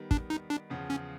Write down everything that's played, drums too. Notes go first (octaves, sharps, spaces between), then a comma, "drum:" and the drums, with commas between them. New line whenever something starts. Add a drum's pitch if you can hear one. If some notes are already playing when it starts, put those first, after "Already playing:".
Already playing: D#3 G3 B3
D4, drum: kick
D#4
D4
E2 C#3 F3
C#4